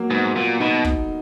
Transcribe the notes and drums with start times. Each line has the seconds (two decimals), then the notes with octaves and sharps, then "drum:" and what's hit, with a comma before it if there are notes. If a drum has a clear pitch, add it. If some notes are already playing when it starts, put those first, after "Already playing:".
Already playing: F#3 A#3
0.10 G#2 B3
0.36 A#2
0.60 B2 D#4
0.85 drum: kick